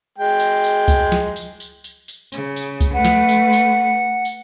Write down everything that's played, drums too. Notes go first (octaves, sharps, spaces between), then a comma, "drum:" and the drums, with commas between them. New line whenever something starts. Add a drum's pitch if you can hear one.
G#3 G5
drum: tambourine
drum: tambourine
drum: kick C#2, tambourine
drum: snare
drum: tambourine
drum: tambourine
drum: tambourine
drum: tambourine
C#3, drum: tambourine
drum: tambourine
drum: kick C#2, tambourine
A3 B4 F#5
drum: snare
drum: tambourine
drum: tambourine
drum: tambourine